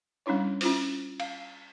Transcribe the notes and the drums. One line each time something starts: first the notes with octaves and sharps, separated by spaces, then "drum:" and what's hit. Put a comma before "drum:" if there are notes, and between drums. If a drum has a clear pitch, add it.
G3 C#4 D4 E4 C#5
C#4 E4 F4 C5, drum: open hi-hat
F5, drum: cymbal